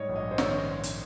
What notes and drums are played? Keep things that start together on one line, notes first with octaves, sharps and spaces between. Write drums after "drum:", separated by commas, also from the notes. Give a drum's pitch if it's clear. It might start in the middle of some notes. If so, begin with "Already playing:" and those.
Already playing: G#2 G3 C#5 D#5
A#1
D#5
C5
D#3 C#5, drum: snare
drum: hi-hat